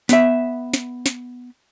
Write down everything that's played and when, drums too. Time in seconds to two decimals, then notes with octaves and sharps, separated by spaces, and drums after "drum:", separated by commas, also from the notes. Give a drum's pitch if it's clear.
0.09 B3 E5, drum: snare
0.74 drum: snare
1.06 drum: snare